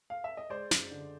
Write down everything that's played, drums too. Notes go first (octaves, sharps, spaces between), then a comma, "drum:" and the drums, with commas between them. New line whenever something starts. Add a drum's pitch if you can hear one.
F5
E5
D#5
G#3 C5 D5
F#2, drum: snare
D3